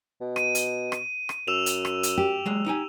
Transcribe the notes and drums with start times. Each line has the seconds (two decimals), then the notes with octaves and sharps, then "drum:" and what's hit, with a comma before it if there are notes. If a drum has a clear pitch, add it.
0.21 B2
0.36 D#7, drum: rim click
0.55 drum: hi-hat
0.92 drum: rim click
1.29 drum: rim click
1.48 F#2 E6 E7 F7
1.66 drum: hi-hat
1.85 drum: rim click
2.03 drum: hi-hat
2.18 G4
2.46 F#3 G#3
2.66 D#4 G5 G#5